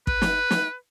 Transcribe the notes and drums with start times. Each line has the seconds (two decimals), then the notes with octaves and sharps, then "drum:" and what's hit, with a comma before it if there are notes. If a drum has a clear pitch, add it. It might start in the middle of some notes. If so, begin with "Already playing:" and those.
0.07 B4, drum: kick
0.22 drum: snare
0.51 drum: snare